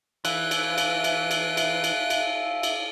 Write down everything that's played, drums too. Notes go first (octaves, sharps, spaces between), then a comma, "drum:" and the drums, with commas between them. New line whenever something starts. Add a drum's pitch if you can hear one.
E3 E5 F5 F#6, drum: cymbal
drum: cymbal
drum: cymbal
drum: cymbal
drum: cymbal
drum: cymbal
drum: cymbal
drum: cymbal
drum: cymbal